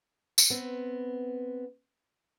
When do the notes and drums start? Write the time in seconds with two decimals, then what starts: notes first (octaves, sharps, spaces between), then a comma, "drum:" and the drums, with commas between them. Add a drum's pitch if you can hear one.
0.38 drum: tambourine
0.50 B3 C4